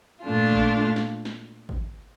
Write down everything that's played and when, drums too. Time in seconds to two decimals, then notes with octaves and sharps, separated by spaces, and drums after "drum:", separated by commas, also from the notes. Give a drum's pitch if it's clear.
0.23 A#2 A3 D4 F4
0.53 drum: kick
0.96 drum: snare
1.25 drum: snare
1.69 drum: kick